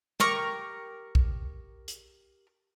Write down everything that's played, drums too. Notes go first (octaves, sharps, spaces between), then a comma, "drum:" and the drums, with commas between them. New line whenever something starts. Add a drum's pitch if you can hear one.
G4 A#4 C#6, drum: snare
drum: kick A#1
drum: hi-hat